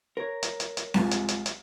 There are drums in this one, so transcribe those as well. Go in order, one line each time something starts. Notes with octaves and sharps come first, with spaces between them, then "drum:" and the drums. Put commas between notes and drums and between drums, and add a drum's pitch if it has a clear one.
A#4 C#5
drum: hi-hat
drum: hi-hat
drum: hi-hat
C2 G#2 F3, drum: snare C4
drum: hi-hat
drum: hi-hat
drum: hi-hat